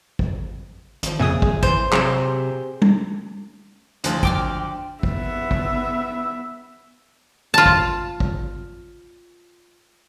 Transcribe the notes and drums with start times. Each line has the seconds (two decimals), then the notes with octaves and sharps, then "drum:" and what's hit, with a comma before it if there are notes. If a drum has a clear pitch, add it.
0.19 drum: kick
1.03 G#1 F3, drum: hi-hat
1.19 F2 A#2 C#3 E5 G#5 D#6
1.42 G#4, drum: kick
1.63 E3 C5, drum: kick
1.92 C3 F#3 G4 G#4 E7, drum: clap
2.82 drum: tom
4.04 D2 F3, drum: hi-hat
4.23 G5 D6 F6, drum: kick
5.03 B3 E5, drum: kick
5.51 drum: kick
7.54 F4 A5
7.66 drum: kick
8.20 drum: kick